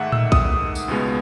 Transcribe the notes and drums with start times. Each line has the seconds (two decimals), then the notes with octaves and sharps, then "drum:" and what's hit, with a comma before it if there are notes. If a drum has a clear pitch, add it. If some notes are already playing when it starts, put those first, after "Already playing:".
Already playing: G#2 D#3 A3 E5 F#5
0.12 E6, drum: tom A2
0.32 D#6, drum: kick A#1
0.75 drum: tambourine
0.88 C#2 B2 G#3 B3